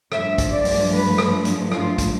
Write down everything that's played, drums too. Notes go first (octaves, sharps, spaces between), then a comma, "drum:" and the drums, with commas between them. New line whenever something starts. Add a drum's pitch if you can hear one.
G2 F3 A3 E5, drum: rim click
drum: kick, hi-hat
D5
drum: open hi-hat
B4
drum: rim click
drum: hi-hat
F4, drum: rim click
drum: kick, hi-hat